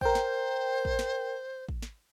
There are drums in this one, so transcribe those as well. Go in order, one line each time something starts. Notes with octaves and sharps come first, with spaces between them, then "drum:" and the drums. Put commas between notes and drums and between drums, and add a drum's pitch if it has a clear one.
A#4 C5 G5, drum: kick
drum: snare
drum: kick
drum: snare
drum: kick
drum: snare